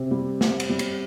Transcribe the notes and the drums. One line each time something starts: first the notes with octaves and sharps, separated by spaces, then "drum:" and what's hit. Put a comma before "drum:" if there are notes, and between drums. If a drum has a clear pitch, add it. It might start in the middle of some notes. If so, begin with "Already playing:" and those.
Already playing: C3 C4
G3
C4, drum: snare
drum: cymbal
G3
drum: cymbal